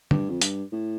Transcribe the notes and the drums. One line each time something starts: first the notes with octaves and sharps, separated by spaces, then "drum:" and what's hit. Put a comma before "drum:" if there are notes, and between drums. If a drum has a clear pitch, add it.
G2, drum: tom
F2
G2, drum: hi-hat
A2